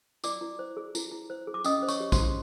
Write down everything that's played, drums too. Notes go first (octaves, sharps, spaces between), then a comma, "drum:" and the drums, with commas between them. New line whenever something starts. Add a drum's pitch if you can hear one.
E4 D5 D6, drum: tambourine
E4
C5
G#4
E4, drum: tambourine
E4
C5
G#4
D6
C#4 D#5 D#6, drum: tambourine
C5
C#5 C#6, drum: tambourine
G4
C5 C6, drum: kick A#1, tambourine
E4